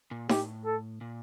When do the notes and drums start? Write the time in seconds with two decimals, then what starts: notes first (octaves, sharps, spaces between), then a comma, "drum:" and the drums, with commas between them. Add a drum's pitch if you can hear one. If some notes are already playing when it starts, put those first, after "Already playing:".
0.11 A#2
0.29 A2 G4, drum: snare D#4
0.65 A4
1.01 A#2